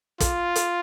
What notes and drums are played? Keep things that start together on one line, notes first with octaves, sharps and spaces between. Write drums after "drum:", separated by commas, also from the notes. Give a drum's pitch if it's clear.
F4, drum: kick, hi-hat
drum: hi-hat